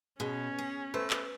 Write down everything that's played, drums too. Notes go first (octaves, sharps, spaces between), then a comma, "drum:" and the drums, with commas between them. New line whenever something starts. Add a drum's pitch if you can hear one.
B2 G#3 C#4
G#4
A3 B4 C5
drum: clap